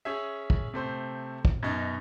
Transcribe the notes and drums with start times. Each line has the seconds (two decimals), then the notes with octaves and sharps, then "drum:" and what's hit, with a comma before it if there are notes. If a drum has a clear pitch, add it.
0.05 C#4 G#4 E5
0.50 drum: kick
0.74 C3 A3 C5
1.45 drum: kick
1.63 F#2 B2 D#4